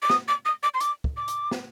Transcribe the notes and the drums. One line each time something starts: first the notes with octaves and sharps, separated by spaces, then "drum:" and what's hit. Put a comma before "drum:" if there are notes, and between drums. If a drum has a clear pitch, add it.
D6
D#6, drum: snare
D6
D#6
D6
C6
D6, drum: hi-hat
drum: kick
D6
drum: hi-hat
drum: snare